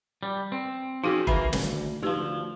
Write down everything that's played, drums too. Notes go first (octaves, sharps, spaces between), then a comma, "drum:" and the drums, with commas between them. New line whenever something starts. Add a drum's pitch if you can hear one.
G3
C4
F3 C4 C#4 D#4 F#4 G#4
D#3 E3 A#3 E5 B5, drum: kick F1
D2, drum: snare
D2 F3 D#4 G4 B4